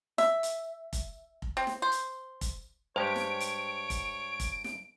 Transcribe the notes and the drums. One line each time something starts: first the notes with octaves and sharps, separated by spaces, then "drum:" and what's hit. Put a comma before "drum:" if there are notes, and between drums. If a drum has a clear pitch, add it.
E5, drum: snare
drum: hi-hat
drum: kick F1, hi-hat
drum: kick F1
C4
drum: snare
C5
drum: hi-hat
drum: kick F1, hi-hat
G2 G#3 G4 C5 C#5 D7
drum: snare
drum: hi-hat
drum: kick F1, hi-hat
drum: kick F1, hi-hat
drum: snare